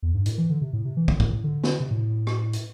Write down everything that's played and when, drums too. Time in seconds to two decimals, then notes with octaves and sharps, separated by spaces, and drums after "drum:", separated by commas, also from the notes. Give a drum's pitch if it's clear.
0.03 E2
0.14 G2
0.26 A2, drum: hi-hat
0.38 E3
0.50 D3
0.61 C3
0.73 A2
0.85 C3
0.97 E3
1.08 D3, drum: kick
1.20 A2, drum: kick
1.32 A2
1.44 D3
1.64 drum: snare
1.80 C3
1.91 A2
2.27 drum: rim click
2.53 drum: hi-hat